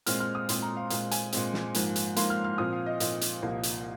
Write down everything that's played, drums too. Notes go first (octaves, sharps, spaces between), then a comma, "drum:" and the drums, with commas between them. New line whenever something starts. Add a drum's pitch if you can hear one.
A#2 G#3 C4 F6, drum: hi-hat
F6
D#6
A#2 G#3 C4 C6, drum: hi-hat
A#5
F5
A#2 G#3 C4 F5, drum: hi-hat
G#5, drum: hi-hat
A#2 G#3 C4, drum: hi-hat
drum: snare
G#2 F3 A#3, drum: hi-hat
drum: hi-hat
G#2 F3 A#3 C6, drum: hi-hat
F6
F6
A#2 F3 C4 D#6
F5
D#5
A#2 F3 C4 D#5, drum: hi-hat
drum: hi-hat
C2 A#2 F3 A#3
drum: hi-hat